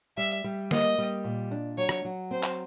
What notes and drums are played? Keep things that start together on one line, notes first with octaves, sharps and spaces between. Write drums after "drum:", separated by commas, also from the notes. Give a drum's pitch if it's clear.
G3 E5
G3
A#3 D#5, drum: snare
G3
A#2
D4
F#3 C#5
drum: rim click
F#3
C4 C5
drum: clap